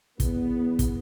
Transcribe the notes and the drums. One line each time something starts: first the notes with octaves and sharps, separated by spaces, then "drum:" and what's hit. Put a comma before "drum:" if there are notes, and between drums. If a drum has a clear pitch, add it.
E2 B3, drum: kick, hi-hat
drum: kick, hi-hat